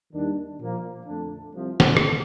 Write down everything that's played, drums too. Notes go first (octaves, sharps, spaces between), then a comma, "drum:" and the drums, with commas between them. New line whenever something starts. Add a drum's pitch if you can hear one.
D#2 D#3 G3 D4
A#2 F3 A#3
F2 D3 A3 D4
C2 C3 F3
drum: snare
drum: rim click